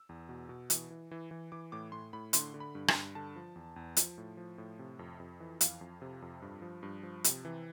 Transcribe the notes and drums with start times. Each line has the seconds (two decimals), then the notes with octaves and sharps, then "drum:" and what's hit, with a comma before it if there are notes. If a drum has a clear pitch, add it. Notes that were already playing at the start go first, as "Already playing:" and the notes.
Already playing: E6
0.09 E2
0.29 B2
0.49 B2
0.70 E3, drum: hi-hat
0.90 E3
1.11 E3
1.31 E3
1.52 E3 D6
1.72 A2 D6
1.92 A2 C6
2.13 A2 B5
2.33 D3 C6, drum: hi-hat
2.54 D3
2.60 B5
2.75 G2
2.88 C6, drum: rim click
2.95 G2
3.15 D3 A5
3.36 F3
3.56 E2
3.76 E2
3.97 F3, drum: hi-hat
4.18 A2
4.37 F3
4.58 A2
4.79 C3
4.99 F2
5.20 F2
5.40 E3
5.61 F2 F5, drum: hi-hat
5.81 F2
6.02 C3
6.22 F2
6.42 G2
6.62 F3
6.83 G2
7.03 F3
7.24 C3, drum: hi-hat
7.45 E3